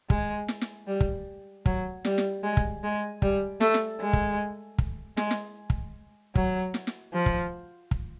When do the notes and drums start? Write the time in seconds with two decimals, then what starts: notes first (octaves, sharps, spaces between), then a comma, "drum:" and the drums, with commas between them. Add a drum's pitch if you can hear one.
0.10 G#3, drum: kick
0.48 drum: snare
0.61 drum: snare
0.87 G3
1.01 drum: kick
1.66 F#3, drum: kick
2.05 G3, drum: snare
2.18 drum: snare
2.43 G#3
2.57 drum: kick
2.84 G#3
3.22 G3, drum: kick
3.61 A3, drum: snare
3.74 drum: snare
4.01 G#3
4.13 drum: kick
4.78 drum: kick
5.17 G#3, drum: snare
5.31 drum: snare
5.70 drum: kick
6.35 F#3, drum: kick
6.74 drum: snare
6.87 drum: snare
7.14 F3
7.26 drum: kick
7.91 drum: kick